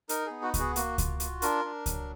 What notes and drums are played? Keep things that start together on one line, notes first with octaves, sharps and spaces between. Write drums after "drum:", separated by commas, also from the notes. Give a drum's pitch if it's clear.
D#4 A#4, drum: hi-hat
G#4
B3
F#4
F#4, drum: kick C#2, hi-hat
G#4
A#3 F#4, drum: hi-hat
F4, drum: kick C#2, hi-hat
F4, drum: hi-hat
D4 A#4, drum: hi-hat
D4
F#3, drum: kick C#2, hi-hat